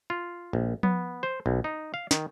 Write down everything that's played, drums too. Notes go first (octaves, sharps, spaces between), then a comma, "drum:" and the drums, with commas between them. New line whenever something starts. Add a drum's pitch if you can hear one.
F4
A#1
B3, drum: tom F3
C5
B1
D#4
F5
D#3, drum: snare